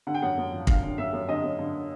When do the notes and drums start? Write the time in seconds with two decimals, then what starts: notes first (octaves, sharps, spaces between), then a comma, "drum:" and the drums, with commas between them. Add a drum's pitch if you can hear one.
0.07 D3 F#5
0.14 G5
0.22 F#2 F#5
0.37 F#2
0.52 F3
0.67 D3 F5, drum: kick
0.83 D3
0.98 F#2 E5
1.13 F#2
1.29 D3 D#5
1.44 F#2
1.59 D3